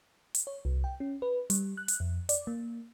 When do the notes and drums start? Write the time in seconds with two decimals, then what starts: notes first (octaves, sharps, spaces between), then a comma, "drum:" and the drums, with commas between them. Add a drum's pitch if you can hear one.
0.35 drum: hi-hat
0.47 C#5
0.65 C2
0.84 G5
1.00 C#4
1.22 B4
1.50 G3, drum: hi-hat
1.77 F#6
1.88 drum: hi-hat
2.00 F2
2.29 D5, drum: hi-hat
2.47 A#3